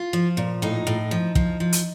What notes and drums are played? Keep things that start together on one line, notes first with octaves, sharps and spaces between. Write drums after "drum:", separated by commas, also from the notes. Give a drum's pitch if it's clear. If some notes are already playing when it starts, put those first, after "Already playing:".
Already playing: F4
F3
A#2
A2 D#4
A2
F3
F3, drum: kick
F3
drum: hi-hat